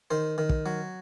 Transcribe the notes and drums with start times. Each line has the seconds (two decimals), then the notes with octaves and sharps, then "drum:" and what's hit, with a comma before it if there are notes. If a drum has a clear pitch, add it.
0.10 D#3 C5
0.38 D#3
0.49 drum: kick
0.66 F#3